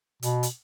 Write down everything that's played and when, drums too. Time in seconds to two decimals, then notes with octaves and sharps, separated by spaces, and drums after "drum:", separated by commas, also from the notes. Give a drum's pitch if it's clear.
0.23 B2, drum: hi-hat
0.43 drum: hi-hat